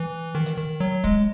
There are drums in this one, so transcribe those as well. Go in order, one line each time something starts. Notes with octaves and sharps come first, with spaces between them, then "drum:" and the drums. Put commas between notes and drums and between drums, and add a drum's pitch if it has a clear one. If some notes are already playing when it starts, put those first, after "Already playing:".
Already playing: E3
D#3
drum: hi-hat
D#3
F#3
G#3, drum: kick C#1